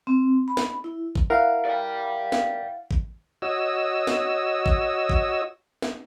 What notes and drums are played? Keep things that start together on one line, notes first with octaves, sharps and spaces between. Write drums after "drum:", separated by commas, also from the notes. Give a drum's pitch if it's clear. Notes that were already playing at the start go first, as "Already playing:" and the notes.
C4
B5
drum: snare
E4
drum: kick G#1
E4 A#4 F5 F#5
D5 G5
drum: snare
drum: kick G#1
F#4 C#5 D#5 E6
drum: snare
drum: kick G#1
drum: kick G#1
drum: snare